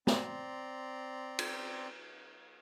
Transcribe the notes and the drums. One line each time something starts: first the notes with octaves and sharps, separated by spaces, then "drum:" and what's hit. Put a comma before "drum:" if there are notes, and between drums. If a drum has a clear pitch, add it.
C4 D5 A#5 C6, drum: snare
drum: cymbal